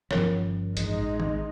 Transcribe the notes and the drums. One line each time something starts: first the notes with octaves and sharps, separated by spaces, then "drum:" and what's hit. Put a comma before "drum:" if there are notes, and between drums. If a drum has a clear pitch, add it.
G1 C#3 F3 A#4 C#5, drum: snare
A1 G#3 D#4, drum: hi-hat
drum: tom D#3